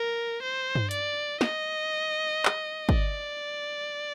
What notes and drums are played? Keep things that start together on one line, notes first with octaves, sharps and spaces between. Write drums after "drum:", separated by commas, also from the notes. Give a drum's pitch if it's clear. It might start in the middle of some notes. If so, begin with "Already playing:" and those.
Already playing: A#4
C5
drum: tom G2
D5, drum: hi-hat
D#5, drum: snare
drum: clap
D5, drum: kick